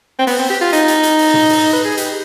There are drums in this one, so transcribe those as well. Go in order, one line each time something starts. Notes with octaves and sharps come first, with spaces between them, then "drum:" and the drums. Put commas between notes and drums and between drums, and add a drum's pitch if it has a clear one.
C4
B3, drum: open hi-hat
C4
G4
F4
D#4, drum: hi-hat
drum: hi-hat
drum: hi-hat
drum: open hi-hat
drum: tom
drum: open hi-hat
B4
G#4
G4, drum: hi-hat